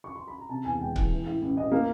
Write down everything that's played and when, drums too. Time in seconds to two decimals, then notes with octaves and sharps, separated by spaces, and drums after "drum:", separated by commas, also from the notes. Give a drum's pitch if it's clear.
0.04 C#6
0.16 C6
0.28 B5
0.38 A#5
0.49 C3 A5
0.65 E2 G#5
0.80 E1 G5
0.96 E3, drum: kick C#1
1.11 E3
1.27 A2
1.42 A1
1.57 A1 D#5
1.72 A#3 F5